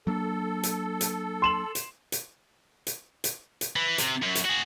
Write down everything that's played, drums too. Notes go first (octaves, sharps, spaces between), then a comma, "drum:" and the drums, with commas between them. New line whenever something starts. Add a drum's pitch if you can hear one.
F#3 A#3 D4 A4
drum: hi-hat
drum: hi-hat
C6 E7 F#7
drum: hi-hat
drum: hi-hat
drum: hi-hat
drum: hi-hat
drum: hi-hat
E3
C3, drum: hi-hat
F#2
drum: hi-hat
F#4 G#4